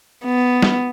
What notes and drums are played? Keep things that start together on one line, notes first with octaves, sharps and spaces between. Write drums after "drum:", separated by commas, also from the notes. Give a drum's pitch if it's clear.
B3
drum: snare